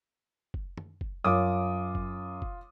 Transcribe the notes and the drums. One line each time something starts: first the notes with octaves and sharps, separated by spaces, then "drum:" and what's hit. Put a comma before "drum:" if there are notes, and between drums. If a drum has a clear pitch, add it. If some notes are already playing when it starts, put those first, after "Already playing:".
drum: kick
drum: tom
drum: kick
F#2 F4 D6 D#6
drum: kick
drum: kick